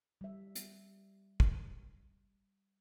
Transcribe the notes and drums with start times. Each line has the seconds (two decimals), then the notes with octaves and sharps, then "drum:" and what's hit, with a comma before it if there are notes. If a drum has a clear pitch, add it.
0.21 G3 E5
0.55 drum: hi-hat
1.40 drum: kick